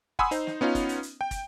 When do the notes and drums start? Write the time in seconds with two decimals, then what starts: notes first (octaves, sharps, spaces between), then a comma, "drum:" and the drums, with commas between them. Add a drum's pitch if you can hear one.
0.19 F#5 G#5 B5 C6 D#6 E6, drum: kick
0.31 D#4 C5, drum: hi-hat
0.47 drum: snare
0.61 B3 C#4 D#4 F4
0.75 drum: kick, hi-hat
0.89 drum: hi-hat
1.03 drum: hi-hat
1.21 G5
1.31 drum: kick, hi-hat